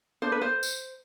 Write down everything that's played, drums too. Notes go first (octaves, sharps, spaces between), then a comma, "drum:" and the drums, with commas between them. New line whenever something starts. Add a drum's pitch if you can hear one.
D4 C5
B4
C5
drum: tambourine